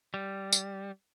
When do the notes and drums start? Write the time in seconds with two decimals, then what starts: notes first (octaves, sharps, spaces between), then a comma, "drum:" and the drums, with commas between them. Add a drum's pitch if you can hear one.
0.14 G3
0.53 drum: tambourine